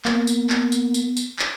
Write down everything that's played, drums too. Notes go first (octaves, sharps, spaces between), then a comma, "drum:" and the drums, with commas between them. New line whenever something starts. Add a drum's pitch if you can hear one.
A#3 B3, drum: clap
drum: tambourine
drum: clap
drum: tambourine
drum: tambourine
drum: tambourine
drum: clap